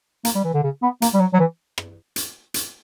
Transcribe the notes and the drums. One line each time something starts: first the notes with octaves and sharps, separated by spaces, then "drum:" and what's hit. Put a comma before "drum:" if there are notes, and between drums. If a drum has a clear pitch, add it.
A#3, drum: hi-hat
G3
E3
D3
C#3
B3
A#3, drum: hi-hat
G3
F#3
F#3
E3
drum: rim click
drum: hi-hat
drum: hi-hat